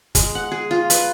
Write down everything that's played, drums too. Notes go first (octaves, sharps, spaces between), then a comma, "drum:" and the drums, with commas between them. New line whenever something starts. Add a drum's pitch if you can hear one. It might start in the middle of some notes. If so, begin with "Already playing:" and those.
G#3, drum: kick, hi-hat
F#5
G#4
F4
B4, drum: hi-hat